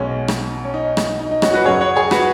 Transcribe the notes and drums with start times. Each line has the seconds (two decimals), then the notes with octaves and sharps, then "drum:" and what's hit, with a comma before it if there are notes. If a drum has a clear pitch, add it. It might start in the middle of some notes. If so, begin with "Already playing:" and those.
Already playing: B1 B2 G#3 C#4
0.28 drum: rim click
0.64 C#4
0.74 D#4
0.97 drum: rim click
1.20 D#4
1.31 D#4
1.42 C#4 F#4, drum: rim click
1.53 F#4 B4
1.65 F#2 C#3 F#3 G#4 C#5
1.81 C#5 F#5
1.96 G#4 C#5
2.11 F#4 B4, drum: rim click